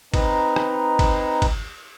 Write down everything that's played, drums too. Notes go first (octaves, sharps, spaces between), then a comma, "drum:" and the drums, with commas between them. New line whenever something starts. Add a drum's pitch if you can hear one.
C4 D#4 B4 D#5 A#5, drum: kick, cymbal
drum: rim click
drum: kick, cymbal
drum: kick, cymbal